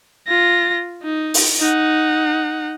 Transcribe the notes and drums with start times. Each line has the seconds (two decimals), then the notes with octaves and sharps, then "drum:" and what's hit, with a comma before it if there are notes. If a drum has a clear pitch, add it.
0.27 F4 A#6
1.03 D#4
1.34 drum: open hi-hat
1.60 D#4 F#5